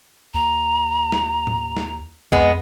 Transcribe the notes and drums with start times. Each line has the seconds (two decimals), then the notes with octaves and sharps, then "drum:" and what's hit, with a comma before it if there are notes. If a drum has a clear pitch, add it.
0.34 D#2 A#5
1.12 drum: snare
1.47 drum: tom A2
1.77 drum: snare
2.32 F2 G#3 B3, drum: kick B1